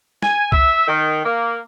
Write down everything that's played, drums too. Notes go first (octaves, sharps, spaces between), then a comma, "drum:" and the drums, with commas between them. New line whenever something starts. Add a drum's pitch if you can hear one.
G#5, drum: snare
E5, drum: kick C2
D#3
A#3